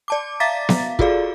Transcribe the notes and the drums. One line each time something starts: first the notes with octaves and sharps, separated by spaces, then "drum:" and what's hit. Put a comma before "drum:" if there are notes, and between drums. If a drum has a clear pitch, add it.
D5 A5 D6
E5 F5 A#5 D6 A6 B6
drum: snare B3
F4 F#4 G#4 A4 D5 F5, drum: kick